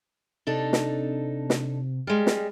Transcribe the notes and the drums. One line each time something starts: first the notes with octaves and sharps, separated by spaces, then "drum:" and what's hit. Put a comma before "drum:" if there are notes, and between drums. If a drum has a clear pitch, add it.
C3 D4 D#4 A4
drum: snare
drum: snare
G3 G#3 F6
drum: snare